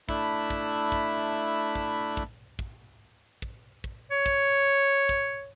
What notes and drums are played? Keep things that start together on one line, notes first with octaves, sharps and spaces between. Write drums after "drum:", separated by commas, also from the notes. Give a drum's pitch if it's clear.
A3 D4 E4 E5 B5, drum: kick
drum: kick
drum: kick
drum: kick
drum: kick
drum: kick
drum: kick
drum: kick
C#5
drum: kick
drum: kick